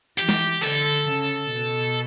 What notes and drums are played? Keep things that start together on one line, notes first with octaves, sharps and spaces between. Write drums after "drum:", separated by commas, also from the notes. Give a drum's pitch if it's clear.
E3 G4
drum: snare
D3 A4, drum: open hi-hat
C#3
B2